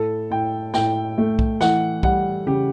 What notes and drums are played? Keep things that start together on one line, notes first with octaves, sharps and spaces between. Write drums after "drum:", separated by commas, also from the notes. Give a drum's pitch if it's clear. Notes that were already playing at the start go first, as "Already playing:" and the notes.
Already playing: A2 A4
A2 G5
A2 G5, drum: snare
A3
drum: kick B1
E3 F#5, drum: snare
G3 F#5, drum: kick B1
C#3 G4